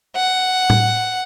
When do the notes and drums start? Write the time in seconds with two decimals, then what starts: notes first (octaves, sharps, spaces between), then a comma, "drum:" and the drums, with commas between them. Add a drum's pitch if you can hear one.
0.16 F#5
0.70 drum: tom A2